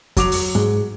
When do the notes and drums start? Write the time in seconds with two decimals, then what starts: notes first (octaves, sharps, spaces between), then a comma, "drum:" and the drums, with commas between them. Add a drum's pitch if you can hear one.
0.17 F#3 D6 F7, drum: kick F2, hi-hat
0.32 drum: open hi-hat
0.55 G#2